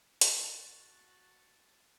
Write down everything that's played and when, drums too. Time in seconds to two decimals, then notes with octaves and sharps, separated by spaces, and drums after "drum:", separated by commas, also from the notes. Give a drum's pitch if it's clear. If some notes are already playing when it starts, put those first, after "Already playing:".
0.21 F#4 A5, drum: hi-hat